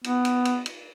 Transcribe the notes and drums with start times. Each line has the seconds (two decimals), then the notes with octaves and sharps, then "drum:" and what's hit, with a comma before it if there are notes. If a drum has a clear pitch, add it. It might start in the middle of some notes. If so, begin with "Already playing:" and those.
0.04 B3, drum: cymbal
0.25 drum: cymbal
0.45 drum: cymbal
0.66 drum: cymbal